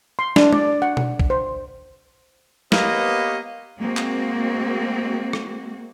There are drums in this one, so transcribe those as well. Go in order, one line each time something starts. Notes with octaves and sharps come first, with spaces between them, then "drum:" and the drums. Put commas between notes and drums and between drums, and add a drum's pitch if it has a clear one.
C6
D4, drum: snare
D5, drum: tom G#3
F#5
drum: tom B2
drum: kick
C5
A#3 B3 G4 B4 C#5 D#5, drum: snare
G#3 A#3 C4 F#4
drum: clap
drum: rim click